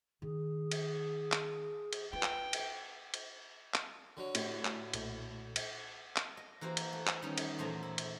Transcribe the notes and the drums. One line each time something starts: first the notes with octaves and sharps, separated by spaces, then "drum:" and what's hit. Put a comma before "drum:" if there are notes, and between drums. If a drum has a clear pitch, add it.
D#3 G#4
drum: cymbal
drum: clap
drum: cymbal
F4 B4 G5
drum: clap
drum: cymbal
drum: cymbal
drum: clap
D3 F#3
A2 G4, drum: cymbal
drum: clap
B1 A#2 A4, drum: cymbal
drum: cymbal
drum: clap
D#5
E3 A#3 F#4 G4 C5
drum: cymbal
A3
drum: clap
D#3 G3 B3 C#4 D#4
drum: cymbal
E2 A#2 A3 C5 A5 A#5
E4
drum: cymbal